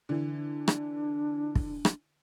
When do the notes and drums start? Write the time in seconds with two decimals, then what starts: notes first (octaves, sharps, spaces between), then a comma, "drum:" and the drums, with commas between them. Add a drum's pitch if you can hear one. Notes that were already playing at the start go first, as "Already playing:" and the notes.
0.09 D3 E3
0.35 D4
0.68 drum: rim click
1.55 drum: kick
1.85 drum: rim click